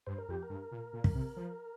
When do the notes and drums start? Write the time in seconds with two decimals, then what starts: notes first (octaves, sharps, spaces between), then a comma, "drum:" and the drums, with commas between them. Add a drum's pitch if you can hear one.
0.07 G2 C5
0.18 A#4
0.29 F2 G4
0.43 A#4
0.50 G2
0.72 A#2
0.93 A#2
1.04 drum: kick
1.15 C3
1.36 F3